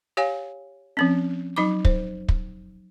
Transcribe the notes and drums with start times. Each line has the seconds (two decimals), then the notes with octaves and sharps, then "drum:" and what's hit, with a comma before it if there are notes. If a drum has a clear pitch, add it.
0.17 G4 C#5 F5 G#5
0.97 F3 C4 C#4
1.56 F#3 D#4 B5 D6
1.85 C5, drum: kick
2.29 drum: kick